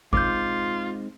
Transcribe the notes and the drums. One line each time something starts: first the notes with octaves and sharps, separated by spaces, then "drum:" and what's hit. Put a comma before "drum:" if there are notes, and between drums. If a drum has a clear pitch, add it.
G#3 C4 D#4 F4 D6 G6, drum: kick G1